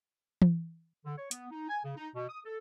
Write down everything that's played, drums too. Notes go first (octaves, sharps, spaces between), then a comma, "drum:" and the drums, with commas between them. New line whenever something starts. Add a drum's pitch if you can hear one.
drum: tom E3
D3
C#5
B3, drum: hi-hat
D#4
G#5
C#3
D#4
B2
D#6
A4